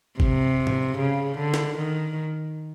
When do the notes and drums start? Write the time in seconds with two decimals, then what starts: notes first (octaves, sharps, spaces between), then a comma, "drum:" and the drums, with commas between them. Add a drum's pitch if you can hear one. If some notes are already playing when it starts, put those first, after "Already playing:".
0.20 C3, drum: kick
0.67 drum: tom G#2
0.99 C#3
1.38 D3
1.54 drum: snare
1.78 D#3